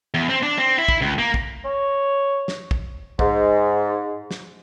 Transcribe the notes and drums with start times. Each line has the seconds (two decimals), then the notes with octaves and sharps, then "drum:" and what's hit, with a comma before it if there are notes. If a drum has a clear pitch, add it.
0.14 E2
0.30 C4
0.43 D4
0.58 C4
0.78 E4
0.88 drum: kick
1.01 C#2
1.18 A#3
1.34 drum: kick
1.65 C#5
2.48 drum: snare
2.71 drum: kick
3.19 G#2, drum: kick
4.31 drum: snare